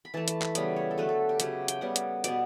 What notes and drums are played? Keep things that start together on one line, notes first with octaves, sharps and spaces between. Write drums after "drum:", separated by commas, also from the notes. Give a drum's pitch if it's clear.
B5
E3 A3 A5
A5, drum: hi-hat
B5, drum: clap
C#3 G3 B3 B5, drum: hi-hat
C#5
A4
D3 F#3 A3 B4
A4
G4
C#3 F#3 A3 G4, drum: hi-hat
G5, drum: hi-hat
C#3 G3 B3 F#5
drum: hi-hat
B2 G3 B3 D5, drum: hi-hat